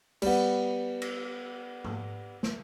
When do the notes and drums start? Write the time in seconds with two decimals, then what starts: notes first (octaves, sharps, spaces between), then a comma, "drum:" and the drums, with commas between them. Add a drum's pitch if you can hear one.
0.22 G3 B3, drum: cymbal
1.02 drum: cymbal
1.84 drum: tom G#2
2.43 drum: snare